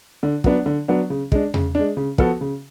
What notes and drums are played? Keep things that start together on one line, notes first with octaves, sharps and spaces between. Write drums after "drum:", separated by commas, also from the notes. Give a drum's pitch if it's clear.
D3
F#3 B3 D4, drum: kick
D3
F#3 B3 D4
C#3
G#3 D4, drum: kick
C#3, drum: tom E2
G#3 D4
C#3
F3 B3 F#4 A4, drum: kick
C#3